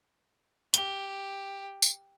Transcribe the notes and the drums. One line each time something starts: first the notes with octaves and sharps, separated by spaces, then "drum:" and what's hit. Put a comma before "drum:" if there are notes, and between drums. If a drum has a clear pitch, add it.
G4 G7, drum: hi-hat
drum: tambourine